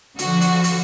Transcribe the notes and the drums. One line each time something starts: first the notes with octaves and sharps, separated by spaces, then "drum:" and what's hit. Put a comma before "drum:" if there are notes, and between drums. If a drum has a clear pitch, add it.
D3 F3 F#4, drum: hi-hat
drum: hi-hat
drum: hi-hat